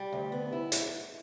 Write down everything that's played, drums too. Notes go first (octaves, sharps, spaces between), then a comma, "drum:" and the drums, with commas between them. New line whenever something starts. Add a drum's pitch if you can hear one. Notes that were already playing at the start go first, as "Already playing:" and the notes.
Already playing: G3
D2
B3
E4
drum: hi-hat